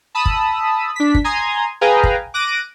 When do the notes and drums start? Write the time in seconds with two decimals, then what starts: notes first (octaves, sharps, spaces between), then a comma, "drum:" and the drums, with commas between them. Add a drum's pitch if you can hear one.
0.15 A5 B5 D#6 E6
0.26 drum: kick
0.96 D4 B6
1.15 drum: kick
1.24 G#5 A#5 C6 D#6 G#6
1.81 G#4 B4 F5 G5 G#5 A#5
2.03 drum: kick
2.34 D6 F#6 A#6 D7 D#7